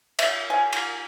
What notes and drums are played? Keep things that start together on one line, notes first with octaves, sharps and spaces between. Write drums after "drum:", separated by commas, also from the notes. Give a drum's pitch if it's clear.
E5, drum: cymbal
G#5
drum: cymbal